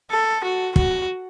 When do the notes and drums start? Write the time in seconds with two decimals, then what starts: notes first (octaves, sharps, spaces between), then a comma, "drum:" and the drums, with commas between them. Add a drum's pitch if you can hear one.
0.11 A4
0.44 F#4
0.76 F#4, drum: kick